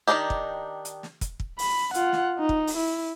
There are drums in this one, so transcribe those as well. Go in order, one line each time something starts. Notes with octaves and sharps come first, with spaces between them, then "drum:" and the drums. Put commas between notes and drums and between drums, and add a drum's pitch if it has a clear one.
D#3 F3 D4 D#4 G4
drum: kick
drum: hi-hat
drum: snare
drum: kick, hi-hat
drum: kick
B5, drum: open hi-hat
F4 F#5, drum: hi-hat
drum: snare
D#4
drum: kick
drum: open hi-hat
E4